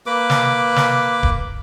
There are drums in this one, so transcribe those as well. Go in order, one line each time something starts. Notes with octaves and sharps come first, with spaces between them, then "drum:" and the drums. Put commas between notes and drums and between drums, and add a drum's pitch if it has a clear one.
A#3 B4 D6
drum: snare
drum: snare
drum: kick D1